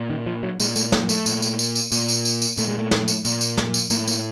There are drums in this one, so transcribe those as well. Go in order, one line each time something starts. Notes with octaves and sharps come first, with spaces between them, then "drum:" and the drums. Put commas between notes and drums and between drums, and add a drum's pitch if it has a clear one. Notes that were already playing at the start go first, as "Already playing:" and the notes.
Already playing: A#2
D#3
F3
F#3
A#2 G#3, drum: tambourine
A3, drum: tambourine
A#3, drum: snare
A3, drum: tambourine
A#2, drum: tambourine
drum: tambourine
drum: tambourine
drum: tambourine
A#2, drum: tambourine
drum: tambourine
drum: tambourine
drum: tambourine
A#2 A3, drum: tambourine
G#3
A3
drum: snare
drum: tambourine
A#2, drum: tambourine
drum: tambourine
drum: snare
drum: tambourine
A2 A#3, drum: tambourine
A#3, drum: tambourine